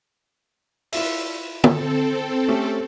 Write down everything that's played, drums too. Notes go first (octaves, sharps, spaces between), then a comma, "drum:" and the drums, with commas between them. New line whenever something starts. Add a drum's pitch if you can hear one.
E4 F4 E5, drum: open hi-hat
C4 A4, drum: tom
A3 C#4 G4